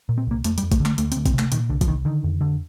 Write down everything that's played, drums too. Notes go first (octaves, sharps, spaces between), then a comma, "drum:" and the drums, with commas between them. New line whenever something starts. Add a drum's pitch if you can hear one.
A#2
C4
C2 A#3
F2 A3, drum: hi-hat
G3, drum: hi-hat
F2
A3, drum: kick G#1, hi-hat
D3
A3, drum: clap
D2 A3, drum: hi-hat
C4, drum: hi-hat
D2
C4, drum: kick G#1, hi-hat
C3
A3, drum: clap
A#2 D#3, drum: hi-hat
C2 D3
F3, drum: kick G#1, hi-hat
C2 D#3
D3 D#3
F2
D3